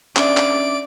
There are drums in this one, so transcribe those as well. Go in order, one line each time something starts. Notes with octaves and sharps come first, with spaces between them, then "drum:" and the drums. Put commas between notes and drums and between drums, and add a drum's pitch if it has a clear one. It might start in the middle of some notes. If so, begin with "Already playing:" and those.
C#4 D4 D5 E5 D7, drum: clap
drum: clap